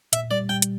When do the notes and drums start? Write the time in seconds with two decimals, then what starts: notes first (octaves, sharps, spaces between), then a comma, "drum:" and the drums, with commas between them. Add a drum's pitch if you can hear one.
0.13 A#2 E5, drum: hi-hat
0.31 G3 D5
0.49 G3 G5
0.62 drum: hi-hat